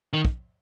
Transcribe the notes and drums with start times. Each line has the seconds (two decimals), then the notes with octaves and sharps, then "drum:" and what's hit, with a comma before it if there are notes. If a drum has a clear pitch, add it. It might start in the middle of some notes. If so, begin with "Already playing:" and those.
0.13 D#3
0.25 drum: kick